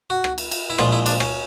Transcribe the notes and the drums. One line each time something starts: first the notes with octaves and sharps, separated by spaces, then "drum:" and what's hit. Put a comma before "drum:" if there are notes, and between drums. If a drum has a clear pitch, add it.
F#4
drum: rim click
drum: cymbal
drum: cymbal
E4
A#1 A#2 F3 G#3 F4, drum: rim click
E4
D4, drum: cymbal
C#4, drum: rim click